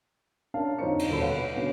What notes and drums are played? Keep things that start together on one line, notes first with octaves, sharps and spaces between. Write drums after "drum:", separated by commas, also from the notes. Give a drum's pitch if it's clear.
C#4 D4 A#4 F5 A5
F2 D3 D#4 C5 C#5 C#7
drum: cymbal
D#1 B2 C#4 A4 B5
B4 C#5 F5 F#5
B2 D3 B3 C#4